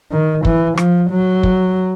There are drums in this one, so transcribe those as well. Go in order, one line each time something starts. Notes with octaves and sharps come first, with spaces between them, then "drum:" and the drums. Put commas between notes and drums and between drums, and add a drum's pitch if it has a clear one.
D#3
E3, drum: kick
F3, drum: rim click
F#3
drum: kick